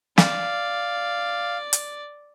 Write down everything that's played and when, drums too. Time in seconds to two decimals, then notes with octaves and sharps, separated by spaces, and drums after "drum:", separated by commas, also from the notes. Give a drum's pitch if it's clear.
0.18 D5 F5, drum: snare
1.73 drum: hi-hat